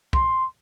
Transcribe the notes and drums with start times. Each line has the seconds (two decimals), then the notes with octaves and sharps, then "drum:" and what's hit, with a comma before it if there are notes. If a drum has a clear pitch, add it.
0.13 C6, drum: kick C2